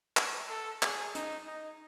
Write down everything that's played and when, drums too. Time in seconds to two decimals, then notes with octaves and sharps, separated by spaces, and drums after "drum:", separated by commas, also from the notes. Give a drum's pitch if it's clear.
0.17 drum: clap
0.50 A4
0.82 G#4, drum: clap
1.15 D#4, drum: hi-hat
1.47 D#4